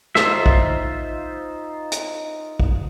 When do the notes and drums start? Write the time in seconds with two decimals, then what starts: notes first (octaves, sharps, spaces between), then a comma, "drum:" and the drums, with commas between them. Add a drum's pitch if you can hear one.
0.15 D#4 F4 C5 E5, drum: snare
0.46 drum: kick A#1
1.92 drum: hi-hat
2.60 drum: kick A#1